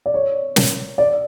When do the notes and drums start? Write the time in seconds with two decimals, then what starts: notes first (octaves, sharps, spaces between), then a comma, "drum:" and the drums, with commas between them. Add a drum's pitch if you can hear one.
0.06 D5
0.14 C#5
0.56 drum: snare
0.98 D5